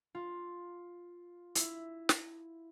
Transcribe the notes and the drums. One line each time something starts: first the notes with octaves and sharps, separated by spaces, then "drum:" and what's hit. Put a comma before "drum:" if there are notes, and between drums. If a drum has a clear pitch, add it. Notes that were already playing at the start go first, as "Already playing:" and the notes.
F4
E4, drum: hi-hat
drum: snare